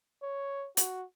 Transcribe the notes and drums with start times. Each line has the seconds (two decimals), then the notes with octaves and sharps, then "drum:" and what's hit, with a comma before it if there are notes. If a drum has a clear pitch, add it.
0.22 C#5
0.77 F#4, drum: hi-hat